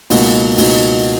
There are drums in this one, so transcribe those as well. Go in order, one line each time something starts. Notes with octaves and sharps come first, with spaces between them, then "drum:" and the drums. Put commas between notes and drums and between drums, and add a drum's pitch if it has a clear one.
C#2 B2 A#3 D#4 F#4, drum: open hi-hat
C#2 B2 A#3 D#4 F#4, drum: open hi-hat